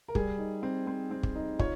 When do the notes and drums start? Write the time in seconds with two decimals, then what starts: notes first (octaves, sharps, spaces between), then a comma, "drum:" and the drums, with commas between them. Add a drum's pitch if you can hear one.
0.08 A#4
0.15 G3 G#4, drum: kick
0.38 D#4
0.63 C4
0.87 C4
1.11 C4
1.23 drum: kick
1.36 D#4
1.59 F4 C#5, drum: kick